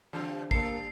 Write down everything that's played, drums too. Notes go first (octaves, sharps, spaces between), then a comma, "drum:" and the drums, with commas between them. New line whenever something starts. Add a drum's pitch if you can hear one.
D3 E3 G3 C4
G3 A#3 A4 C7, drum: kick